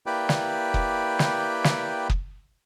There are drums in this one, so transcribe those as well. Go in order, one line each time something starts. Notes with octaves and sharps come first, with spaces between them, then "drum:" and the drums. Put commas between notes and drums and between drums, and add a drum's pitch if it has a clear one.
A#3 E4 G4 B4 D5 G5
drum: snare
drum: kick
drum: snare
drum: snare
drum: kick